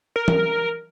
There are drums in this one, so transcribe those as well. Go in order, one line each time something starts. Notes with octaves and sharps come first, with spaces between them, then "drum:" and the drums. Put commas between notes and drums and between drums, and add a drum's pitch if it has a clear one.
A#4
drum: tom E3